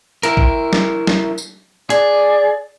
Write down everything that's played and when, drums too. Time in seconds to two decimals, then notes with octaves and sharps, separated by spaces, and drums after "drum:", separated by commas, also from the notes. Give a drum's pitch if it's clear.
0.23 E4 A#4, drum: hi-hat
0.37 drum: kick
0.73 drum: snare
1.07 drum: snare
1.38 drum: tambourine
1.90 G#4 D5, drum: hi-hat